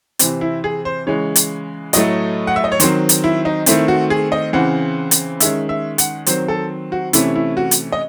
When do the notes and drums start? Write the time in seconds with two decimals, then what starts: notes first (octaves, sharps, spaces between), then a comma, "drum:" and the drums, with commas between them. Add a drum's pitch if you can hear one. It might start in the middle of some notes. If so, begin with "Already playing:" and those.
0.19 C3 E3 C4, drum: hi-hat
0.41 E4
0.64 G#4
0.85 C5
1.07 C#3 E3 G#3 C#5
1.36 drum: hi-hat
1.93 A2 F#3 A3 D#5, drum: hi-hat
2.47 F#5
2.56 E5
2.64 D#5
2.72 C#5
2.80 D#3 F#3 C4 C5, drum: hi-hat
3.09 drum: hi-hat
3.24 E4
3.45 D#4
3.66 D#3 A3 C4 E4, drum: hi-hat
3.88 F#4
4.10 G#4
4.32 D#5
4.53 C#3 E3 C4 F#5
5.11 drum: hi-hat
5.40 D#3 G#3 C#4 E5, drum: hi-hat
5.69 E5
5.98 F#5, drum: hi-hat
6.26 D#3 F#3 C4 C5, drum: hi-hat
6.48 A4
6.92 F#4
7.13 C3 E3 A3 C#4 E4, drum: hi-hat
7.36 E4
7.57 F#4
7.71 drum: hi-hat
7.92 D#5